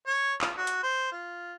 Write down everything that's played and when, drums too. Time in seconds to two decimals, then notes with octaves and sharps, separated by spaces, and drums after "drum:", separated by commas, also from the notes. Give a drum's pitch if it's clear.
0.07 C#5
0.41 F4, drum: clap
0.57 F#4
0.67 drum: hi-hat
0.83 C5
1.12 F4